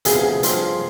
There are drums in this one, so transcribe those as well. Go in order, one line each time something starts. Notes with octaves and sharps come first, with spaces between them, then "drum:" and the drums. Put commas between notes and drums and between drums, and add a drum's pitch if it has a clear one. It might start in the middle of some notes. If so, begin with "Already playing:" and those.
D2 C3 F3 B3 G#4, drum: hi-hat
G2 F3 C4 F4, drum: hi-hat